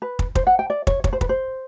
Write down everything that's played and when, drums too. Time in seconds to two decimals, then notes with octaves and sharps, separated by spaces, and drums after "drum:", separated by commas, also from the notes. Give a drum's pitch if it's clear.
0.02 B4
0.19 drum: kick
0.35 C5, drum: kick
0.47 F#5
0.59 G5
0.70 D5
0.87 C#5, drum: kick
1.04 C#5, drum: kick
1.13 C5
1.21 B4, drum: kick
1.29 C5